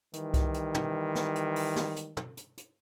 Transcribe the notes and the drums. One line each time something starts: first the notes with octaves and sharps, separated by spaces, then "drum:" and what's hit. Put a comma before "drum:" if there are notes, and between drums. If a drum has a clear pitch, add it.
D#3 E3 G3, drum: hi-hat
drum: kick C2, hi-hat
drum: hi-hat
drum: tom
drum: snare
drum: hi-hat
drum: open hi-hat
drum: snare
drum: hi-hat
drum: tom
drum: hi-hat
drum: hi-hat